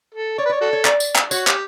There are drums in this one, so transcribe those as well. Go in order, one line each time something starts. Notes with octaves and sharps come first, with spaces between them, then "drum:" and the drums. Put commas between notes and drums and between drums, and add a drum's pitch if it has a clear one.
A4
C#5 D5
B4
C#5 D5
F#4 A4
C#5
D5, drum: clap
drum: tambourine
drum: clap
F#4 C#5, drum: tambourine
G4, drum: clap